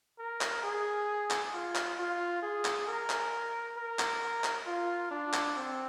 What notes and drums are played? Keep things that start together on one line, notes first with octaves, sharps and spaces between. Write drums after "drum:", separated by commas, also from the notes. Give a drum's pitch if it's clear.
A#4
drum: clap
G#4
drum: clap
F4
drum: clap
F4
G#4
drum: clap
A#4
drum: clap
A#4
drum: clap
drum: clap
F4
D4
drum: clap
C4